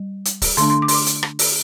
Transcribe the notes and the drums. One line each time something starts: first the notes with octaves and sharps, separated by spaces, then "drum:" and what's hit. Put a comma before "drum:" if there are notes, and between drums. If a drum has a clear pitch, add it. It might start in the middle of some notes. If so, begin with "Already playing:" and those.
Already playing: G3
drum: hi-hat
drum: kick D1, open hi-hat
D3 A3 D4 C6, drum: hi-hat
C6
D6
C6, drum: open hi-hat
D6
drum: hi-hat
drum: rim click
drum: open hi-hat